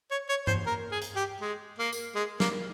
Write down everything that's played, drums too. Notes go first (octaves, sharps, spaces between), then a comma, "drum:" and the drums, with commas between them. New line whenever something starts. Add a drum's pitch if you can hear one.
C#5
C#5
C5, drum: tom G2
A#4
G#4
drum: hi-hat
G4
G#3
A#3
drum: tambourine
G#3
A#3, drum: snare